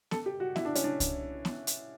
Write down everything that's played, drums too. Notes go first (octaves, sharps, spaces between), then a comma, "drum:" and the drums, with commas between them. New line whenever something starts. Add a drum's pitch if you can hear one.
A4, drum: snare B3
G4
F#4
E4, drum: snare B3
D4
C#4, drum: hi-hat
D4
drum: kick C2, hi-hat
drum: snare B3
drum: hi-hat